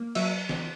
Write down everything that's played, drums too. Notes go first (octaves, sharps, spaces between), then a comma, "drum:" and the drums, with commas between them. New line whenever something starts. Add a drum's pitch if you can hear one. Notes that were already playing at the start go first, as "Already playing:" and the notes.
Already playing: A#3
F#3 E5, drum: cymbal
drum: snare